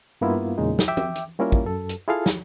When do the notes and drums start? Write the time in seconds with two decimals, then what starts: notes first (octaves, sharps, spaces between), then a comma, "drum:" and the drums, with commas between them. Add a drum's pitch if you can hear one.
0.21 G2 A#3 B3 E4 F4
0.58 E2 A#2 C#3 G#3 D#4
0.79 drum: snare
0.88 E5 G5 D6
0.97 drum: tom
1.16 drum: hi-hat
1.39 G3 A#3 C#4 E4 F4 A#4
1.52 drum: kick
1.66 F#2 A4
1.89 drum: hi-hat
2.08 E4 F4 G#4 A4 F5
2.26 drum: snare